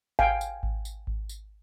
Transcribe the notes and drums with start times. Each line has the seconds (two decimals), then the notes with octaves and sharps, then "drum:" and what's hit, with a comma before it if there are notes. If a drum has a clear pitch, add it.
0.19 F5 G5 G#5, drum: kick G#1
0.41 drum: tambourine
0.63 drum: kick G#1
0.85 drum: tambourine
1.07 drum: kick G#1
1.29 drum: tambourine